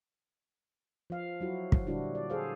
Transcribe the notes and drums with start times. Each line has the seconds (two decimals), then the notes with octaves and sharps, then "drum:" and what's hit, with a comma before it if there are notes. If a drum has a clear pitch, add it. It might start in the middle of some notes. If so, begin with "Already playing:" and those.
1.10 F3 F5
1.41 F#3 E4 F#4
1.72 drum: kick
1.87 A#2 D3 G3 D4 E4 F#4
2.15 D5
2.30 G#4 A4 C5 F5